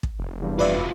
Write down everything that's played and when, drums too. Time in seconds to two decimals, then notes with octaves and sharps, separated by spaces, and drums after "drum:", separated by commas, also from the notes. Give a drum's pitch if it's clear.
0.03 drum: kick
0.19 F1
0.41 E2 G2
0.59 F#3 F4 B4 D5 E5